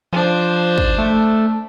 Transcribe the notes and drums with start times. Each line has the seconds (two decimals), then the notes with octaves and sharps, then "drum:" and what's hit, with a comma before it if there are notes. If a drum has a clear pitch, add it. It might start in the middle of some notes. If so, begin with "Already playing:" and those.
0.13 F3 D4 C5
0.78 drum: kick
0.98 A3